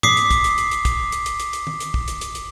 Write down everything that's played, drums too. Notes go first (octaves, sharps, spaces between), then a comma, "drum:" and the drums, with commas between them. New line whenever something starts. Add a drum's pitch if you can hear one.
D6 D#6 B6 C7, drum: tom G#2
drum: hi-hat
drum: kick, hi-hat
drum: hi-hat
drum: hi-hat
drum: hi-hat
drum: kick, hi-hat
drum: hi-hat
drum: hi-hat
drum: hi-hat
drum: hi-hat
drum: tom D#3
drum: hi-hat
drum: kick
drum: hi-hat
drum: hi-hat
drum: hi-hat